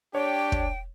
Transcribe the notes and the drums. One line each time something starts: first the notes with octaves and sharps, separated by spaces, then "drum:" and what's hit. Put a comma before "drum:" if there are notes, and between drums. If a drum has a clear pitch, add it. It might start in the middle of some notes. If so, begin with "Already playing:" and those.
D4 G4 C#5 G5
drum: kick